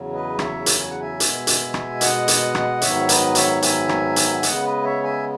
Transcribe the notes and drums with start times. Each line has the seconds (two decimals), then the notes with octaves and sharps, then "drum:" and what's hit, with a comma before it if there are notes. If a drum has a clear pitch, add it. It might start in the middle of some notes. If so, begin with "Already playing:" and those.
Already playing: E2 C#3 F#3
0.12 B4 D#5
0.39 C#5 E5, drum: rim click
0.66 drum: hi-hat
0.79 G#5
0.90 F#5
1.00 E5 G#5
1.20 B2 G#3 B3, drum: hi-hat
1.47 drum: hi-hat
1.74 drum: rim click
2.01 D#5 F#5, drum: hi-hat
2.28 drum: hi-hat
2.55 drum: rim click
2.82 G#2 D#3 F#3 B3 C#5 E5, drum: hi-hat
3.09 B4 D#5, drum: hi-hat
3.35 C#5 E5, drum: hi-hat
3.62 E5 G#5, drum: hi-hat
3.89 drum: rim click
4.16 drum: hi-hat
4.43 C#3 G#3 B3 D#5 F#5, drum: hi-hat
4.63 B4 D#5
4.83 C#5 E5
5.04 E5 G#5